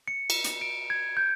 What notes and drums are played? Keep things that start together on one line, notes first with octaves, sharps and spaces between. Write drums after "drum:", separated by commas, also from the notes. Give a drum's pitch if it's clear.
C#7
drum: cymbal
drum: hi-hat
D7
G#6
G6